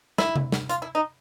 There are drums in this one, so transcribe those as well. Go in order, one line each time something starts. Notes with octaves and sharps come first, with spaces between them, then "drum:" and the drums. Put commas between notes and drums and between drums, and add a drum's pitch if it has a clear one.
E4, drum: snare
drum: tom C3
drum: snare
F4, drum: hi-hat
E4
D#4